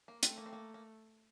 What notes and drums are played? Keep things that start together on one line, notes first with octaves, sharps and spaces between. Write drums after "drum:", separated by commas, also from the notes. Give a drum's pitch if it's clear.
A#3
A3 C4, drum: hi-hat
A#3
C4
A#3
A#3